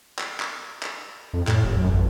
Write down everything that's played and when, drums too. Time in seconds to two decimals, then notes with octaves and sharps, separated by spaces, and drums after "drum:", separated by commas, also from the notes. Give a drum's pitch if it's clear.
0.19 drum: clap
0.40 drum: clap
0.83 drum: clap
1.33 F2
1.47 A2, drum: clap
1.64 F1
1.77 F#2
1.90 A1